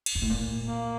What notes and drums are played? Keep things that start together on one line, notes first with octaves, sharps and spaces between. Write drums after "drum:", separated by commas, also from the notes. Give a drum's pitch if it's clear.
drum: cymbal
G2
A2
A#2
A#3